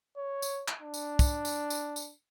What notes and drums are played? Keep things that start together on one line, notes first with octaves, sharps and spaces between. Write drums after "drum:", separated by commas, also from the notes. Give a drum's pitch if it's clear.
C#5
drum: tambourine
drum: clap
D4
drum: tambourine
drum: kick, tambourine
drum: tambourine
drum: tambourine
drum: tambourine